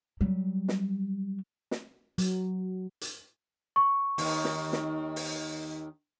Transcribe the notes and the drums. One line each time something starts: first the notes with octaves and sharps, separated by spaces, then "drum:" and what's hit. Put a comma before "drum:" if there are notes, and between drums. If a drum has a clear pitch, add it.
F#3 G3
drum: snare
drum: snare
F#3, drum: hi-hat
drum: hi-hat
C#6
D#2 D#3, drum: open hi-hat
drum: snare
drum: snare
drum: open hi-hat